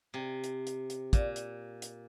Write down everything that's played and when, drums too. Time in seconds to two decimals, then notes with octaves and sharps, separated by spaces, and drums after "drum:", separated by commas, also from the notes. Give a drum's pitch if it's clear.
0.14 C3 G#5
0.44 drum: hi-hat
0.67 drum: hi-hat
0.90 drum: hi-hat
1.13 A#2, drum: kick, hi-hat
1.36 drum: hi-hat
1.82 drum: hi-hat